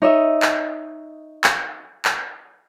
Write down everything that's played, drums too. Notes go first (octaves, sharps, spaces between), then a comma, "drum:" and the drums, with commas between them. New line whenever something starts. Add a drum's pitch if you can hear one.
D#4 C#5 D#5 E5
drum: clap
drum: clap
drum: clap